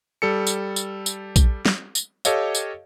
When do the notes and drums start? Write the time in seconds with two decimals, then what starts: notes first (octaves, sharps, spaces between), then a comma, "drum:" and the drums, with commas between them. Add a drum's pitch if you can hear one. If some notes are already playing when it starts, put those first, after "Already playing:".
0.22 G3 A4 C#7
0.47 drum: tambourine
0.76 drum: tambourine
1.06 drum: tambourine
1.36 drum: kick A#1, tambourine
1.65 drum: snare
1.95 drum: tambourine
2.25 G4 A4 C#5 D#5 F5, drum: tambourine
2.55 drum: tambourine